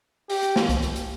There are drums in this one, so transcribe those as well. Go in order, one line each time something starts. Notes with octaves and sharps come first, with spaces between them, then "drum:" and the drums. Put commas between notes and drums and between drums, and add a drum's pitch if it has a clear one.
G4, drum: open hi-hat
drum: hi-hat
drum: snare
drum: kick C2, hi-hat
drum: hi-hat
drum: hi-hat